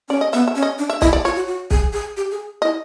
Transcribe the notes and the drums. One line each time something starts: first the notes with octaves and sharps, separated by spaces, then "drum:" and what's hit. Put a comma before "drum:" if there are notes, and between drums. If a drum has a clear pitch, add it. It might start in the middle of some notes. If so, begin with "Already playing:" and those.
C#4 D5
D#5
B3 E5
E5
C#4
D#5
D4
E5
E4 D#5, drum: kick
D5
F4 C#5
F#4
F#4
G#4, drum: kick
G#4
G4
G#4
E4 D#5